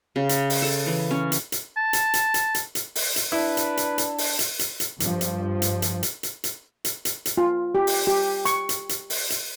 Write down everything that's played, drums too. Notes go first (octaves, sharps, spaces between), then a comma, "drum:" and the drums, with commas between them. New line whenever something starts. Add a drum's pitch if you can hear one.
C#3
drum: hi-hat
drum: open hi-hat
A4
E3
C#4
drum: hi-hat
drum: hi-hat
A5
drum: hi-hat
drum: hi-hat
drum: hi-hat
drum: hi-hat
drum: hi-hat
drum: open hi-hat
drum: hi-hat
D4 E4 B4 D5 A5
drum: hi-hat
drum: hi-hat
drum: hi-hat
drum: open hi-hat
drum: hi-hat
drum: hi-hat
drum: hi-hat
G2 F3, drum: hi-hat
drum: hi-hat
drum: hi-hat
drum: hi-hat
drum: hi-hat
drum: hi-hat
drum: hi-hat
drum: hi-hat
drum: hi-hat
drum: hi-hat
F4
G4
drum: open hi-hat
G4
C#6, drum: hi-hat
drum: hi-hat
drum: hi-hat
drum: open hi-hat
drum: hi-hat